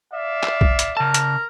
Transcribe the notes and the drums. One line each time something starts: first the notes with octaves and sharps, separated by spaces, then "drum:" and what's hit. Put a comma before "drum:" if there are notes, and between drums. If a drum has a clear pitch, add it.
D5 E5 F5
drum: clap
drum: kick B1
drum: hi-hat
C#3 A#4 A5
drum: hi-hat